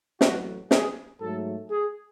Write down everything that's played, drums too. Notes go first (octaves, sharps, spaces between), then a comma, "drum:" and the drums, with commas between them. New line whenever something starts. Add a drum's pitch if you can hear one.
A1 A2 F#3 F#4, drum: snare
G#4, drum: snare
G#2 F#3 A3 A4
G#4